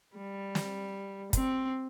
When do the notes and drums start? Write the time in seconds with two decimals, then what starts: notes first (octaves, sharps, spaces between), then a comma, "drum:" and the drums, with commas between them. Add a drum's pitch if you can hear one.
0.16 G3
0.55 drum: snare
1.33 C4, drum: kick, hi-hat